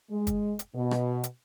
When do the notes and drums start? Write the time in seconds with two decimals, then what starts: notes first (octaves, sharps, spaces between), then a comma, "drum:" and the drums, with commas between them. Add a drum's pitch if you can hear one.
0.11 G#3
0.27 drum: kick, hi-hat
0.59 drum: hi-hat
0.74 B2
0.91 drum: rim click
1.24 drum: hi-hat